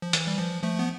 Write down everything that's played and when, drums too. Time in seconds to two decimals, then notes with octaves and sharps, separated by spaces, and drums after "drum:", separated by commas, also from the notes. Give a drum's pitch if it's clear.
0.02 F3
0.13 E3, drum: hi-hat
0.27 G3
0.38 F3
0.63 F3 A3
0.79 B3